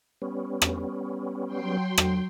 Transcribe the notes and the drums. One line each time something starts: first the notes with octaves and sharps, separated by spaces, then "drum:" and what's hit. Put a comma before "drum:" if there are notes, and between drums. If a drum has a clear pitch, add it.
G3 B3 C#4
drum: rim click
F#3 G5 C6
drum: rim click